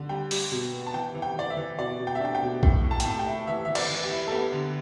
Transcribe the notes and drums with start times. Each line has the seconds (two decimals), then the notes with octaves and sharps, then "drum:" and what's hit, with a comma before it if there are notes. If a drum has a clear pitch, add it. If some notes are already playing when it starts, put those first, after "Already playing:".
Already playing: D3
0.09 G3 G5
0.31 G3, drum: open hi-hat
0.52 B2
0.73 B3
0.87 A5
0.94 E3 G5
1.15 E3
1.22 G5
1.36 E3 D5
1.50 E5
1.57 E3
1.79 B2 D5
1.99 B2
2.07 G5
2.15 E5
2.20 D4 G5
2.35 G5
2.42 B2
2.63 A2 G5, drum: kick A#1
2.84 A2
2.91 A5
3.00 G5, drum: hi-hat
3.05 A2 A5
3.19 G5
3.27 E4
3.47 E3 E5
3.65 E3 E5
3.75 D5, drum: cymbal
3.89 E3
4.04 G4
4.10 E4
4.27 A4
4.31 B3 G4
4.52 D3